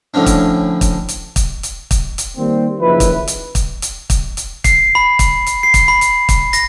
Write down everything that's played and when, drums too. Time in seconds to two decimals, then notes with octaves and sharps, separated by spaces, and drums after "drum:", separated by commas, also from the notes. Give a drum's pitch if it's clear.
0.14 A2 D3 F3 C#4 D4
0.26 drum: kick, hi-hat
0.81 drum: kick, hi-hat
1.09 drum: hi-hat
1.36 drum: kick, hi-hat
1.63 drum: hi-hat
1.91 drum: kick, hi-hat
2.18 drum: hi-hat
2.37 D#3 G3 A#3 C4
2.80 F#1 D#3 F3 E4 B4
3.00 drum: kick, hi-hat
3.28 drum: hi-hat
3.55 drum: kick, hi-hat
3.82 drum: hi-hat
4.10 drum: kick, hi-hat
4.37 drum: hi-hat
4.64 C7, drum: kick, hi-hat
4.95 B5
5.19 drum: kick, hi-hat
5.46 drum: hi-hat
5.63 C7
5.74 drum: kick, hi-hat
5.88 B5
6.01 drum: hi-hat
6.29 drum: kick, hi-hat
6.53 A#6, drum: hi-hat